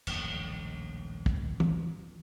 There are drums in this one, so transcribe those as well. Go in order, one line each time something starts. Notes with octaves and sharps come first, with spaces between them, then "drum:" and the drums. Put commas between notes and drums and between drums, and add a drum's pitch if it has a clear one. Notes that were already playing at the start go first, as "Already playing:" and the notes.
D#1 A#1 F#2 A2, drum: cymbal
drum: kick
drum: tom